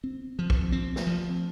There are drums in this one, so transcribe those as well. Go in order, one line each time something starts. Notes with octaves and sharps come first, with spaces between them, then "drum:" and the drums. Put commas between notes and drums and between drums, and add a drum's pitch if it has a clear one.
C4
F3
drum: kick
C4
drum: snare
F3